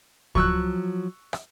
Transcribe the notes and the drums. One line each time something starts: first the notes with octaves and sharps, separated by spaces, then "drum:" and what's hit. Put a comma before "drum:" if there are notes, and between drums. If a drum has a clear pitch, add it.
F3 F#3 C#6 E6 F#6, drum: kick C#2
drum: rim click